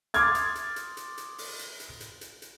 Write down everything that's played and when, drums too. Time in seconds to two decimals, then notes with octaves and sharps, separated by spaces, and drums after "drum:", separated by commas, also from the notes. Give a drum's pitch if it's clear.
0.14 C6 D6 D#6 F6 G#6 A6, drum: hi-hat
0.35 drum: hi-hat
0.55 drum: hi-hat
0.76 drum: hi-hat
0.97 drum: hi-hat
1.18 drum: hi-hat
1.38 drum: open hi-hat
1.59 drum: hi-hat
1.80 drum: hi-hat
2.00 drum: hi-hat
2.21 drum: hi-hat
2.42 drum: hi-hat